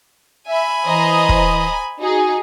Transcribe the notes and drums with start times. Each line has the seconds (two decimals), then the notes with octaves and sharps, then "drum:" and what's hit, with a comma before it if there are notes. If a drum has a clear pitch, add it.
0.47 E5 G#5 B5
0.85 E3 C5 D#5 A#5
1.29 drum: kick
2.00 D#4 F#4 G#4